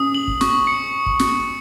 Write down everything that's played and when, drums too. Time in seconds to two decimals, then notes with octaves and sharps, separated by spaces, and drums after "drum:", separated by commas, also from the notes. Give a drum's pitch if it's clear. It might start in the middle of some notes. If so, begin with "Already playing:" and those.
Already playing: C#4 D#6
0.15 F#7
0.28 drum: kick
0.41 C#6, drum: snare
0.67 C#7
1.06 drum: kick
1.19 drum: snare